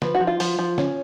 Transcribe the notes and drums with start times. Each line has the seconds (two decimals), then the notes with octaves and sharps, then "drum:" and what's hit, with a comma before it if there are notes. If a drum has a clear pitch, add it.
0.02 F3 B4, drum: snare
0.15 F#4
0.20 F3
0.27 F4
0.40 F3, drum: open hi-hat
0.59 F3
0.78 C#4, drum: snare